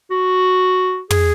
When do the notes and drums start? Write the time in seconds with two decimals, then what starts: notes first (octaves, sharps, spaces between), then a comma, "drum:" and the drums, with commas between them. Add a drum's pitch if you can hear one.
0.11 F#4
1.10 G#4, drum: tom